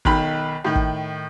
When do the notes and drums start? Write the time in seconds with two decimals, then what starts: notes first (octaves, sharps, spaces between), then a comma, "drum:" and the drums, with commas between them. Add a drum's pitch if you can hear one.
0.05 B1 D#3 B5, drum: kick
0.65 A2 D#3
0.75 drum: kick